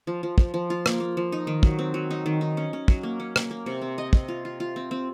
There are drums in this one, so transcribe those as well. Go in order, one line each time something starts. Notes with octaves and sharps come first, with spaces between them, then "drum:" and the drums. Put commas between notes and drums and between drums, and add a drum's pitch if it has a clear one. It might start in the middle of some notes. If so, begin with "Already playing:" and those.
F3
F3
F3, drum: kick
F3
F4
A#3, drum: rim click
A#3
F3
D#4
D#3
F#3, drum: kick
C4
F#3
D#4
D#3
D#4
C#4
C#4
F#3, drum: kick
A#3
C#4
A#3, drum: rim click
A#3
C3
C4
D#5
D#5, drum: kick
F4
F4
F4
C4
C4